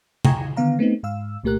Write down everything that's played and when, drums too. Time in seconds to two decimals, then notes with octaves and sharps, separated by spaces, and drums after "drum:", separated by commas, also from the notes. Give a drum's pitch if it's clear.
0.25 G5 G#5 A#5 C#6 D#6 G#6, drum: tom C3
0.57 D3 D#3 B3 F5 A#5
0.79 A3 B3 C4 D#4
1.03 G#2 F5 E6
1.44 C2 A#2 A3 G4 A#4 F#6